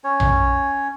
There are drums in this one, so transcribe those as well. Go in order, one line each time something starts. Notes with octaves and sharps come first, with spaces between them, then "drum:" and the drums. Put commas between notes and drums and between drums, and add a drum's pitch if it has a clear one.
C#4 C#5
drum: tom A#1